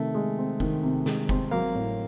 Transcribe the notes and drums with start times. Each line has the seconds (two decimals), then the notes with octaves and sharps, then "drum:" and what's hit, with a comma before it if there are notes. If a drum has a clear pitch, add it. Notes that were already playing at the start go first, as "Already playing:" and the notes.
Already playing: C3 D#3 A3
0.14 G#3
0.38 C4
0.60 D#3, drum: kick F#1
0.83 C3
1.06 G#3, drum: snare
1.29 C4, drum: kick F#1
1.52 F#3 A#3
1.75 A2